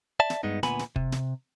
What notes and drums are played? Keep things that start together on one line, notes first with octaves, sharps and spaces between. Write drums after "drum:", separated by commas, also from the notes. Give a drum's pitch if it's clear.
D5 E5 A5
drum: snare
G2 G#3 B3 D#4
D2 A#2 B3 G#5 B5, drum: snare
drum: snare
C3, drum: kick
drum: snare